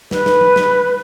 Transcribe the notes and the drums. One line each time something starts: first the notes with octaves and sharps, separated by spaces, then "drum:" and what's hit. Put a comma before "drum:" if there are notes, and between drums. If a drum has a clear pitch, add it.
B4, drum: snare
drum: snare
drum: tom F3
drum: snare